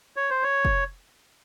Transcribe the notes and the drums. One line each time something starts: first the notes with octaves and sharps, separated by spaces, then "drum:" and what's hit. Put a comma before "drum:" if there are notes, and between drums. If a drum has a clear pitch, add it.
C#5
C5
C#5
drum: kick